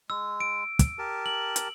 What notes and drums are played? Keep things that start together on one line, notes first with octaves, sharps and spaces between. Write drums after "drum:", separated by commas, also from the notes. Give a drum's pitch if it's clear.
G#3 E6
D7
drum: kick, hi-hat
G4 A#4 A5
F#7
drum: hi-hat